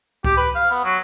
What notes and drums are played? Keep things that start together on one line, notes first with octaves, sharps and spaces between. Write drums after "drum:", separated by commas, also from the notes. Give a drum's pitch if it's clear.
G4, drum: kick C#2
B4
F5
B3
F#3